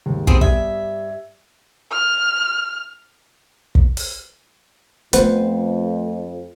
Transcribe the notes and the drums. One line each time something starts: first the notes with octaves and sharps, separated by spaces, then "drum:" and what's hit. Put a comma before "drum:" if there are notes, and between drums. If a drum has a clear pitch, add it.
D#2 G#2
B3 C4 G#4, drum: kick
G2 G4 E5 G#6, drum: kick
F6
drum: kick
drum: open hi-hat
F2 A3 B3 B4 C5, drum: hi-hat